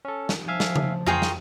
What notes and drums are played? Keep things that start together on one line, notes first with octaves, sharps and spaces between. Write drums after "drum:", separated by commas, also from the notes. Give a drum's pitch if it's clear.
C#4 A4
drum: snare
F3 E5 F5 G#5
drum: snare
drum: tom C#3
F4 G#4 G5 A#5 C6 C#6, drum: tom F2
drum: snare